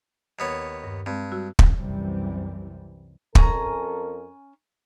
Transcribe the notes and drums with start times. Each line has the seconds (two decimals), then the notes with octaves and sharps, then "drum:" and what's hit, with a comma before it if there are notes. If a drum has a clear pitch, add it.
0.39 D#2 B3 C#5
0.84 G2
1.06 G2 G#3 C4
1.32 G3 F#4 E6
1.59 drum: kick
1.76 C2 F#2 C3 E3 G3
3.35 F2 C#4 A4 A#4 G#5 A#5, drum: kick